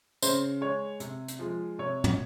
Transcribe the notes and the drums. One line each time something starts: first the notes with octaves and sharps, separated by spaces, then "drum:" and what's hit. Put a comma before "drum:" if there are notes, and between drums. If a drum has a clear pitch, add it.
C#3 C5, drum: tambourine
G#3 C#5
C3, drum: hi-hat
drum: hi-hat
F3 G#3
C3 C#5
drum: tom